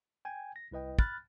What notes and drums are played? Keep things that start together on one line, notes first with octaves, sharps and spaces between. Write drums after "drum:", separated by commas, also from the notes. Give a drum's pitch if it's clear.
G5 G#5
A#6
C2 E4 B4 D#5 G5
B5 F6 F#6 A6, drum: kick